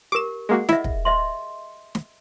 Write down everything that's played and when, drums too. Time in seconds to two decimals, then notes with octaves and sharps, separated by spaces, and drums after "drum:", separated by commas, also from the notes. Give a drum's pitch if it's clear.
0.12 G4 A#4 D6 E7
0.49 G#3 A#3 F#4 G#4 F#5
0.69 E4 D#5 E5, drum: snare
0.84 drum: kick
1.05 D#5 E5 C6
1.95 drum: snare